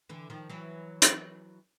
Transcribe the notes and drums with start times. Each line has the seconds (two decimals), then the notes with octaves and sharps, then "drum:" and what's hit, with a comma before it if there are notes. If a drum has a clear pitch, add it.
0.09 D3 E3
0.30 D#3 F3
0.50 E3 F#3
1.02 drum: hi-hat